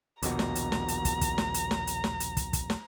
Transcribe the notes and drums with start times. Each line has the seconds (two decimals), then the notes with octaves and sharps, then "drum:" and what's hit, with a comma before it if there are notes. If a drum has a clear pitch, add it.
0.22 A#1 D#2 B2 A#5, drum: hi-hat
0.39 drum: snare
0.55 drum: hi-hat
0.72 drum: snare
0.88 drum: hi-hat
1.05 drum: kick, hi-hat
1.21 drum: kick, hi-hat
1.38 drum: snare
1.54 drum: hi-hat
1.71 drum: snare
1.87 drum: hi-hat
2.04 drum: snare
2.20 drum: hi-hat
2.37 drum: kick, hi-hat
2.53 drum: kick, hi-hat
2.70 drum: snare